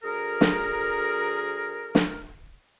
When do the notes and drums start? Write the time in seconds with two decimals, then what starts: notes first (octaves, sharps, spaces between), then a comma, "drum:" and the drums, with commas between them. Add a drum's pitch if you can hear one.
0.02 D2 G#4 A#4
0.41 drum: snare
1.95 drum: snare